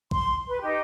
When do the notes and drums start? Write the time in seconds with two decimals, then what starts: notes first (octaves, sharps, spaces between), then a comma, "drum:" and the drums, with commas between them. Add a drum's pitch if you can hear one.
0.11 C6, drum: kick
0.47 B4
0.61 D#4 G4